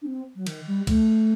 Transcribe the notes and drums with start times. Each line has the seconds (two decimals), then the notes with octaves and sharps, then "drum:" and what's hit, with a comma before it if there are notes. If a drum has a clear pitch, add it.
0.02 D4
0.06 C4
0.36 F#3
0.47 D#3, drum: cymbal
0.67 G3
0.87 A3, drum: kick, cymbal